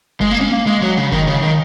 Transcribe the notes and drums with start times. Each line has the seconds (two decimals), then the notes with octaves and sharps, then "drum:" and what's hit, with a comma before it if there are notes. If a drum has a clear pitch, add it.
0.21 G#3, drum: kick F#1
0.31 A#3
0.41 C#4
0.51 A#3
0.67 G#3
0.82 F#3
0.97 C#3
1.12 D#3, drum: kick F#1
1.27 C#3
1.42 D#3